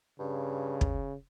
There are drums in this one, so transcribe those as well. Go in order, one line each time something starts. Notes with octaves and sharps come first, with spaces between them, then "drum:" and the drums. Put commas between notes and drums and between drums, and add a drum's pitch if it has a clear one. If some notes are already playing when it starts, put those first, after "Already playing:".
G2 C#3
drum: kick